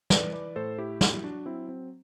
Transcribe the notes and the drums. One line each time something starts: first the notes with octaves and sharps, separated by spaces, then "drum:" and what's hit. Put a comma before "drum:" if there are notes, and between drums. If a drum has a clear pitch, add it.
E3 B4 D5, drum: snare
B4 D5
A2 A4 C5
E4 G4
F#3 E4 G4, drum: snare
D4 F#4
F#3 C4 E4
C4